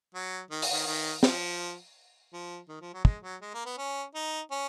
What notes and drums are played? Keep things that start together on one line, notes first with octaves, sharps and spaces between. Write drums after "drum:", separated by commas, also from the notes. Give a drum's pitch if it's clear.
F#3
D#3
drum: open hi-hat
D#3
D#3
F3, drum: snare
F3
D#3
F3
F#3
G#3, drum: kick
F#3
G#3
A#3
B3
C#4
D#4
C#4